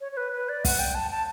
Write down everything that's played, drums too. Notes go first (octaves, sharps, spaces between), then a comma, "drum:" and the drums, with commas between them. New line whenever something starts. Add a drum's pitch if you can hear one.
C#5
C#5
B4
B4
D5
F#5, drum: kick, open hi-hat
G5
A5
A5